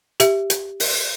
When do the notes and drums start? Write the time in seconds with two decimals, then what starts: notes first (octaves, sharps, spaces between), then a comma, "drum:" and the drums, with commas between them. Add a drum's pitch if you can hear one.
0.20 G4 E5, drum: hi-hat
0.50 drum: hi-hat
0.80 drum: open hi-hat